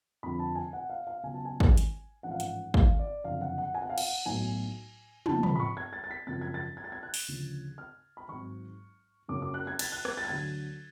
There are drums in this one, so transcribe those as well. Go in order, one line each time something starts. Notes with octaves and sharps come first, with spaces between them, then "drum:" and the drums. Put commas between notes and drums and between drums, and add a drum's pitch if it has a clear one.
F1 F2 D3 F3 B5
A5
G#5
F#5
F5
F5
C#2 B2 F#3 G#5
A5
G#5
drum: kick
drum: hi-hat
A1 G#2 F3 F#5
F5
F#5, drum: hi-hat
F5, drum: kick
D5
F#1 F2 D3 F3 F5
F#5
F#5
G#5
F#5
F5
F#5, drum: cymbal
B1 A2 F#3 G#5
F2 C#3 F3 A5, drum: tom
B5, drum: tom
B5
C#6
G#6
A6
A6
B6
G#1 F#2 C#3 F3 A6
G#6
A6
G#6
A6
G#6
F#6
drum: open hi-hat
D2 C#3 F3
F6
B5
G#1 G#2 F#3 C#6
F#1 F#2 C#3 F#3 D6
D6
F#6
G#6
A6, drum: cymbal
F#6
G#6, drum: rim click
A6
G#6
D2 D3 F#3 A6